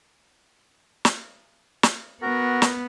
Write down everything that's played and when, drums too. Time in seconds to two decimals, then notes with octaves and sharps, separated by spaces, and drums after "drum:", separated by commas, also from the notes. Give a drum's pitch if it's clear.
1.05 drum: snare
1.83 drum: snare
2.22 B3 F#4 A#4
2.62 drum: snare